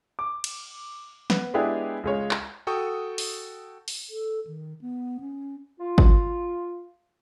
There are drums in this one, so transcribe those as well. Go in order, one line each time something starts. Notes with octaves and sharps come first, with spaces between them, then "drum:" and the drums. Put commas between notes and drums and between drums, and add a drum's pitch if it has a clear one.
D6
drum: cymbal
B3, drum: snare
G#3 B3 D4 E4 G4 G#4
C#2 G#3 C#5
drum: clap
F#4 A4 G5 C#6 D#6
drum: open hi-hat
drum: open hi-hat
A4
D#3
B3
C#4
F4
drum: kick G#1